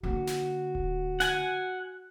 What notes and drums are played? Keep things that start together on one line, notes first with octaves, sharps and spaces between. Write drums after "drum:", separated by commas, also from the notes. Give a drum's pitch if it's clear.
D3 A#3 F#4
drum: snare
drum: kick D1
F#5 G#5, drum: snare